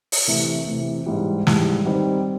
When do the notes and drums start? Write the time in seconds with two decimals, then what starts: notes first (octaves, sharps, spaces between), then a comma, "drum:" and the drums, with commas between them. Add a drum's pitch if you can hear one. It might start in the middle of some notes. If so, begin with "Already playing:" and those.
0.12 drum: open hi-hat
0.28 C3 E3 A3
0.67 C3 E3 A3
1.06 G#2 E3 G3
1.47 G#2 E3 G3, drum: snare
1.85 D#3 G3 C4